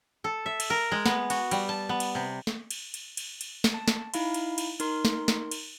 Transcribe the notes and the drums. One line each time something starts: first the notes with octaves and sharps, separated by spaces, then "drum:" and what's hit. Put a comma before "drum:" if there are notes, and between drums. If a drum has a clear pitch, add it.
A4
E5
drum: cymbal
A#4
G#3
B3, drum: snare
F#4, drum: cymbal
G3, drum: cymbal
A5
B3
drum: cymbal
C3
drum: snare
drum: cymbal
drum: cymbal
drum: cymbal
drum: cymbal
drum: snare
A5
drum: snare
D#4 E4 F5 B5, drum: cymbal
drum: cymbal
drum: cymbal
D#4 A#4 C6, drum: cymbal
drum: snare
drum: snare
drum: cymbal